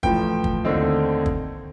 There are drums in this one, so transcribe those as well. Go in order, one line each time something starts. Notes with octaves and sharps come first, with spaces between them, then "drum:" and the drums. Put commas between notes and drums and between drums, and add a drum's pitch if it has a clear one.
A1 A2 F3 G5, drum: kick
drum: kick
D#2 D3 A3 C4 D#4
drum: kick